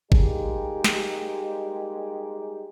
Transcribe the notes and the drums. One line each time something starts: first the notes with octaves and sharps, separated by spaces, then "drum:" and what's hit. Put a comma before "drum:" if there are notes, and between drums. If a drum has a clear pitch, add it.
G3 G#3 A#3 D#4 G4 G#4, drum: kick G1
drum: snare